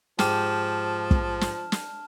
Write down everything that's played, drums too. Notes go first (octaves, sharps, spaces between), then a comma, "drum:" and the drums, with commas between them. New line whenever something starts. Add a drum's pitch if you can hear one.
G#2 F3 G4 A5 F6 E7, drum: snare
drum: kick
drum: snare
drum: snare